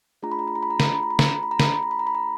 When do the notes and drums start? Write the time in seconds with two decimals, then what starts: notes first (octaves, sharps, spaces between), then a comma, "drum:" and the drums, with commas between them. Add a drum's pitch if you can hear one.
0.22 A3 D4 F4 G#4 A#5
0.32 B5
0.39 A#5
0.48 B5
0.55 A#5
0.63 B5
0.70 A#5
0.80 B5, drum: snare
0.87 A#5
0.95 B5
1.03 A#5
1.10 B5
1.19 A#5, drum: snare
1.27 B5
1.35 A#5
1.43 B5
1.51 A#5
1.60 B5, drum: snare
1.67 A#5
1.75 B5
1.83 A#5
1.91 B5
1.99 A#5
2.07 B5
2.15 A#5